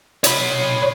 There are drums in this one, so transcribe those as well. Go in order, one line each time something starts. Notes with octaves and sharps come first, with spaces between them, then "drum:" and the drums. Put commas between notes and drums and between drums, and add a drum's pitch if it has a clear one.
C#5 B5, drum: hi-hat